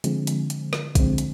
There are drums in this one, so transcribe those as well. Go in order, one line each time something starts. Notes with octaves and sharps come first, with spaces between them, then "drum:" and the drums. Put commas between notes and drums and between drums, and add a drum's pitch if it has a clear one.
D3 F3 G#3 C4, drum: hi-hat
drum: hi-hat
drum: hi-hat
drum: rim click
D3 F3 G#3 C4, drum: kick, hi-hat
drum: hi-hat